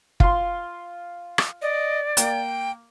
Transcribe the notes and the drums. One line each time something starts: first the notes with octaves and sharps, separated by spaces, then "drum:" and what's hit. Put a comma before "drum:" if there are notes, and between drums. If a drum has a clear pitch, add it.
F4 C6, drum: kick
drum: rim click
D5 D#5
A#3 G5, drum: hi-hat